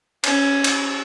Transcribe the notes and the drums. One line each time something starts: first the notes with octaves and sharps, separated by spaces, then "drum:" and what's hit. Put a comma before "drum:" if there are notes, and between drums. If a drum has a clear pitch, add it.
C#4, drum: cymbal
drum: cymbal